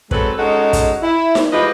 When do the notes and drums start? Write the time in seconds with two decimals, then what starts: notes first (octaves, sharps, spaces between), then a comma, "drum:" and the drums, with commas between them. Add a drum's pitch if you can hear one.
0.11 F#3 G#3 C4 A4 B4, drum: kick
0.37 G#3 C#4 D#4 F#4 G#4 A4
0.73 drum: kick, hi-hat
1.03 E4
1.35 drum: snare D#4
1.52 E3 F3 G#3 G4 B4 D#5